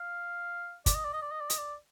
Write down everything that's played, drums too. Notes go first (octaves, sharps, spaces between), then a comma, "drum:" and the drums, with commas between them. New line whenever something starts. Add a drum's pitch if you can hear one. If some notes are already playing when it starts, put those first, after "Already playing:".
Already playing: F5
D5, drum: kick, hi-hat
D#5
D5
D#5
D5
D#5
D5
D#5, drum: hi-hat
D5